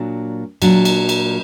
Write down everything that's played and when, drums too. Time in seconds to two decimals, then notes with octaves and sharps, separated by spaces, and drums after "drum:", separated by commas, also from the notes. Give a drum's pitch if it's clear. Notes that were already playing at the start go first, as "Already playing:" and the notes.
Already playing: A#2 F#3 D4
0.62 A#2 F#3 D4, drum: cymbal
0.85 drum: cymbal
1.09 drum: cymbal